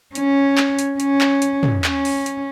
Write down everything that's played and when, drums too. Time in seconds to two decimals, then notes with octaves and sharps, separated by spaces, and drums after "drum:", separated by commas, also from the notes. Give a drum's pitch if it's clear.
0.15 C#4, drum: hi-hat
0.57 drum: clap
0.79 drum: hi-hat
1.00 C#4, drum: hi-hat
1.21 drum: clap
1.42 drum: hi-hat
1.63 drum: tom
1.84 C#4, drum: clap
2.05 drum: open hi-hat
2.26 drum: hi-hat